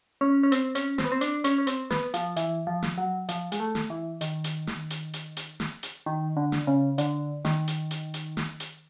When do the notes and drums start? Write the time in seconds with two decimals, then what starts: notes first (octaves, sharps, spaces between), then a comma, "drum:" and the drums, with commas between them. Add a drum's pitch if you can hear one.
0.21 C#4
0.43 C#4
0.52 C4, drum: hi-hat
0.75 C#4, drum: hi-hat
0.98 C4, drum: snare
1.05 B3
1.12 C4
1.21 D4, drum: hi-hat
1.44 C#4, drum: hi-hat
1.58 C#4
1.67 C4, drum: hi-hat
1.90 B3, drum: snare
2.14 F3, drum: hi-hat
2.36 E3, drum: hi-hat
2.67 F3
2.83 drum: snare
2.98 F#3
3.29 F3, drum: hi-hat
3.52 G#3, drum: hi-hat
3.60 A3
3.75 drum: snare
3.90 E3
4.21 D#3, drum: hi-hat
4.44 drum: hi-hat
4.67 drum: snare
4.90 drum: hi-hat
5.13 drum: hi-hat
5.37 drum: hi-hat
5.60 drum: snare
5.83 drum: hi-hat
6.06 D#3
6.37 D3
6.52 drum: snare
6.67 C#3
6.98 D3, drum: hi-hat
7.45 D#3, drum: snare
7.68 drum: hi-hat
7.91 drum: hi-hat
8.14 drum: hi-hat
8.37 drum: snare
8.60 drum: hi-hat